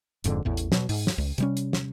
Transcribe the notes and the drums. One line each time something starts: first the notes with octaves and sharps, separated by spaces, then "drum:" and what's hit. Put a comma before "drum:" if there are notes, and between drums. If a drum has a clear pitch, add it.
E1 F2 G#2 D3, drum: hi-hat
A1 E2 A2
drum: hi-hat
B2 F#3, drum: snare
G#2, drum: open hi-hat
drum: snare
C#2
C3 G3 C#4, drum: hi-hat
drum: hi-hat
drum: snare